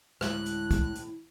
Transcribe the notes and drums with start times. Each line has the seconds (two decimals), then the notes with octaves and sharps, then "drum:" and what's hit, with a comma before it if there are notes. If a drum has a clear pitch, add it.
0.21 D2 A2 G#3 A3 E4 F#6, drum: rim click
0.46 drum: hi-hat
0.71 drum: kick, hi-hat
0.95 drum: hi-hat